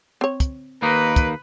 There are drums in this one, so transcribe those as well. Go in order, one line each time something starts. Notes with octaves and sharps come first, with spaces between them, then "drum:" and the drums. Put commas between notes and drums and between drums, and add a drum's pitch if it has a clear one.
C4 C#5
drum: kick, hi-hat
D#2 A#3 D#4 B4
drum: kick, hi-hat